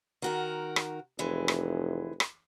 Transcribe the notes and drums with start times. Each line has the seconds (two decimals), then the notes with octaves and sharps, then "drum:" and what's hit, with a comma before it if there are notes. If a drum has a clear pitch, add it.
0.22 D#3 F#4 A#4
0.76 drum: rim click
1.19 F1 E3 G#3
1.48 drum: rim click
2.20 drum: rim click